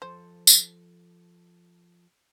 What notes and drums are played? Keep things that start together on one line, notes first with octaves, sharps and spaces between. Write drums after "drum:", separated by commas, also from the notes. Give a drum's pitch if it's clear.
F3 A4 C5
drum: tambourine